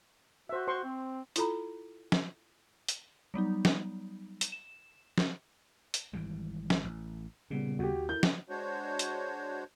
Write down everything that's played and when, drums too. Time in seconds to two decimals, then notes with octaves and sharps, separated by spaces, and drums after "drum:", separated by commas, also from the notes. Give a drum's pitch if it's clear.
0.49 F#4 C5 E5
0.68 C5 C6 C#6
0.84 C4
1.36 E4 F4 A4 A#5 B5, drum: hi-hat
2.12 drum: snare
2.88 drum: hi-hat
3.34 F#3 G3 B3 D#4
3.65 drum: snare
4.41 drum: hi-hat
4.52 E7
5.18 drum: snare
5.94 drum: hi-hat
6.13 G#1 E3 G3
6.70 drum: snare
6.84 A1
7.51 A#2 C#3 G3 B3
7.79 D#2 F#4 G4
8.09 E4 A#4 G6
8.23 drum: snare
8.49 G#3 D4 F#4 C5 C#5
8.99 drum: hi-hat